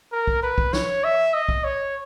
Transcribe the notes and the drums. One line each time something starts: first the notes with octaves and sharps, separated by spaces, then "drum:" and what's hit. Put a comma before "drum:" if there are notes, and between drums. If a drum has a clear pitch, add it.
A#4
drum: kick
B4
drum: kick
C#5, drum: snare
E5
D#5
drum: kick
C#5